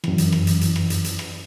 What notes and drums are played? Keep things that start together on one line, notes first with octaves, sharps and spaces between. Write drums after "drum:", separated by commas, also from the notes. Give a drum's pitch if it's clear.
F#2 E3, drum: rim click
drum: hi-hat
drum: rim click
drum: hi-hat
drum: hi-hat
drum: rim click
drum: hi-hat
drum: hi-hat
drum: rim click